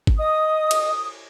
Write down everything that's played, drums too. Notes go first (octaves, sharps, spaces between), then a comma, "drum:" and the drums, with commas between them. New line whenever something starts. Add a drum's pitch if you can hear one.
drum: kick G#1
D#5 D#6
drum: cymbal